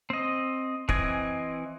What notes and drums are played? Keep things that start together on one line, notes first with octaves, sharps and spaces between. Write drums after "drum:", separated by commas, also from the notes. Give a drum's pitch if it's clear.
C4 D#5
E3 C4 D#5 G#5, drum: kick